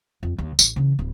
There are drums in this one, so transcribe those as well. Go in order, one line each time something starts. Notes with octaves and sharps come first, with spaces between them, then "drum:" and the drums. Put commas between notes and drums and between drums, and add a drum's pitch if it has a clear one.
F2
D#2
A1, drum: tambourine
C#3 E3
D1